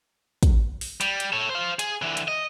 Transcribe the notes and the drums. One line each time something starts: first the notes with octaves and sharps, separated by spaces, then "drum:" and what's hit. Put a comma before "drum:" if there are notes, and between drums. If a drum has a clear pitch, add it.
drum: kick, hi-hat
drum: open hi-hat
G3, drum: hi-hat
drum: hi-hat
A4 C#5
C5 F5
G#4, drum: hi-hat
D3 E3
drum: hi-hat
D#5